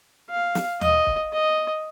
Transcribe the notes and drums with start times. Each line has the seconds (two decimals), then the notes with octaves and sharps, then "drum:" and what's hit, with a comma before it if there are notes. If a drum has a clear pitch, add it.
0.30 F5
0.55 drum: snare
0.81 D#5, drum: tom D#2
1.07 drum: kick
1.33 D#5